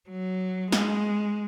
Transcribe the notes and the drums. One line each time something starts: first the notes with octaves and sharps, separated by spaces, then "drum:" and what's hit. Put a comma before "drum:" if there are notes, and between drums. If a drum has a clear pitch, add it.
F#3
G#3, drum: snare